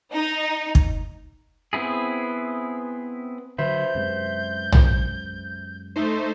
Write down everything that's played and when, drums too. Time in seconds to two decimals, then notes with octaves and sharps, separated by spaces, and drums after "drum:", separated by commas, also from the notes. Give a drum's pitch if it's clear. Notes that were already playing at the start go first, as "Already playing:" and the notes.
0.13 D#4
0.75 drum: kick
1.73 B3 C4 E4 G#4
3.58 D3 F#3 B4 C5 E5 G6
3.95 F#2 C3 G#3
4.72 drum: tom
5.96 A3 D#4 C5